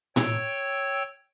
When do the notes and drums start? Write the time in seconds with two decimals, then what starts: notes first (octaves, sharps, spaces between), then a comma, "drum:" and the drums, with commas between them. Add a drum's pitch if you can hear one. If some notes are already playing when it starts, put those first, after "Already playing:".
0.16 C#5 G5 E6, drum: tom A2